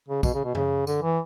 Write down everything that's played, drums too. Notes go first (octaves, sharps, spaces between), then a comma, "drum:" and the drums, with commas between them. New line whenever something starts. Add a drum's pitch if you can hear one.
C#3
B2, drum: kick, tambourine
C#3
B2
C#3, drum: tom F#2
D3, drum: tambourine
E3